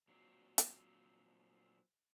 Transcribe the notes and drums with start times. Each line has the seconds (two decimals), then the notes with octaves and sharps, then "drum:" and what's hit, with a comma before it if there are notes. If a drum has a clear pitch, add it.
0.08 A#2 F#3 C4
0.58 drum: hi-hat